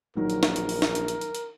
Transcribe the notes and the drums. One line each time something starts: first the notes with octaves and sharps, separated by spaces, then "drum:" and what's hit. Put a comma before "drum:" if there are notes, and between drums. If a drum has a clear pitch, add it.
A#1 D#3 F#3 D#4 A#4
drum: hi-hat
drum: snare
drum: hi-hat
drum: open hi-hat
drum: snare
drum: hi-hat
drum: hi-hat
drum: hi-hat
drum: hi-hat